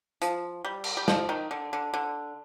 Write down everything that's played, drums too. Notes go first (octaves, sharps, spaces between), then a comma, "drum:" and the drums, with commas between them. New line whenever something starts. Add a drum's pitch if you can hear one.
F3, drum: hi-hat
G3
drum: cymbal
G3
F3, drum: snare
D#3
D3
D3
D3